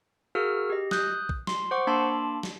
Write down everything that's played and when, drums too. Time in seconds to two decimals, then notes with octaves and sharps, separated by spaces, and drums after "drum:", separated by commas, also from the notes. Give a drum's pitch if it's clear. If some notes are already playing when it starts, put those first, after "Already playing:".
0.35 F#4 G#4 A#4 F5 E6 F6
0.70 G4 D#5
0.91 D#6 F#6 G6, drum: snare
1.29 drum: kick
1.47 C6, drum: snare
1.71 C5 F#5 C#6 D6
1.87 A#3 D4 A5 B5 C6 D6
2.43 drum: snare